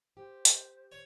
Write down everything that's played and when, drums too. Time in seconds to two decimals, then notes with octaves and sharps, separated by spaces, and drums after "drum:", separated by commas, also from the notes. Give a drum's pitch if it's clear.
0.17 G4 C5
0.45 drum: hi-hat
0.92 C#5